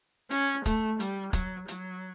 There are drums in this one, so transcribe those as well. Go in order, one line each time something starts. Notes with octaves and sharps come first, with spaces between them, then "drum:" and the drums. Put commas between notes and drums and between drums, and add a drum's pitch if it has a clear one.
C#4, drum: hi-hat
A3, drum: kick, hi-hat
G3, drum: hi-hat
F#3, drum: kick, hi-hat
F#3, drum: hi-hat